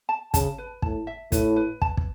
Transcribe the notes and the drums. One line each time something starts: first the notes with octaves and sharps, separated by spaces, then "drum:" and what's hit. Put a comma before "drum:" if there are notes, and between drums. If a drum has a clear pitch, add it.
A5
C#3 A5, drum: kick, hi-hat
B4
A2 A5, drum: kick
E5
A2 B4, drum: kick, hi-hat
B4
A5, drum: kick
drum: kick